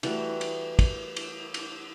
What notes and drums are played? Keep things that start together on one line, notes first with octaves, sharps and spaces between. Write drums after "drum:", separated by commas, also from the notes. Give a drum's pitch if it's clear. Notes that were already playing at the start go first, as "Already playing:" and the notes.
E3 G3 A3 F#4, drum: cymbal
drum: cymbal
drum: kick, cymbal
drum: cymbal
drum: cymbal